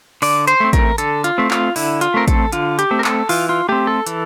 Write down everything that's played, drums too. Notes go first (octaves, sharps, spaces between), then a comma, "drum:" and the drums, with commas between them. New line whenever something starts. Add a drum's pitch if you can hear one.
D3 D5, drum: open hi-hat
C5, drum: hi-hat
A3 C4
A#4, drum: kick A1, hi-hat
D3 A4, drum: hi-hat
F4, drum: hi-hat
A3 C4
F4, drum: clap
D3 E4, drum: open hi-hat
F4, drum: hi-hat
A3 C4 A#4
A4, drum: kick A1, hi-hat
D3 F4, drum: hi-hat
G4, drum: hi-hat
A3 C4
A#4
A4, drum: clap
E3 F4, drum: open hi-hat
F4
A3 C4 G4
A4
E3, drum: hi-hat